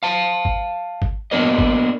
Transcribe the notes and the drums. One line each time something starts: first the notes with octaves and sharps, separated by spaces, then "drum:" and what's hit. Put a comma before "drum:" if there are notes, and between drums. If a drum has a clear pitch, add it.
F5 A5
drum: kick G1
drum: kick G1
A#3 B3 D4 A#4 C#5 D#5
drum: kick G1